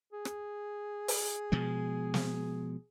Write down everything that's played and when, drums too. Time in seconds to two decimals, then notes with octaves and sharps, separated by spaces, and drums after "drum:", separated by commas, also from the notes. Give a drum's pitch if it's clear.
0.13 G#4
0.25 drum: rim click
1.08 drum: open hi-hat
1.52 B2 F3 G#3
2.14 drum: snare